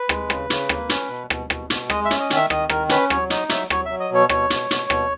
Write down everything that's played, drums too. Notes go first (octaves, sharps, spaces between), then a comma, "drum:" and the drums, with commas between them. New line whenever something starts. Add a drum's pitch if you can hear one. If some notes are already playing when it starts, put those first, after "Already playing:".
Already playing: B4
G#3, drum: rim click
C#3, drum: rim click
C#3, drum: hi-hat
A#3, drum: rim click
C#4, drum: hi-hat
B2
B2, drum: rim click
B2, drum: rim click
B2, drum: hi-hat
G#3 D#5, drum: rim click
E5
C#4, drum: hi-hat
D#5
D#3, drum: hi-hat
E5
D#3 D#5, drum: rim click
D#3 A#4, drum: rim click
C#4 B4, drum: hi-hat
F#3 C#5, drum: rim click
D#4 D#5, drum: hi-hat
F#3 E5, drum: hi-hat
F#3 C#5, drum: rim click
F#3 E5
D#5
B2 C#5
B2 C#5, drum: rim click
B2, drum: hi-hat
B2, drum: hi-hat
B2, drum: rim click